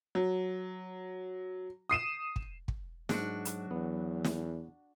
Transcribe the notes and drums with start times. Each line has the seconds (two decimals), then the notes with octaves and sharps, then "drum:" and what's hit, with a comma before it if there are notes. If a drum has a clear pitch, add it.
0.15 F#3
1.89 D#6 C7 D#7 E7
2.36 drum: kick
2.68 drum: kick
3.09 G#2 F#3 D4 F#4, drum: snare
3.45 drum: hi-hat
3.71 E2 B3
4.24 drum: snare